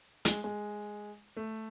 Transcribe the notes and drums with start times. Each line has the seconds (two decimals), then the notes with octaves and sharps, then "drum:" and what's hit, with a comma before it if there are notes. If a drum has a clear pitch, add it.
0.25 G#3, drum: hi-hat
0.44 G#3
1.37 A3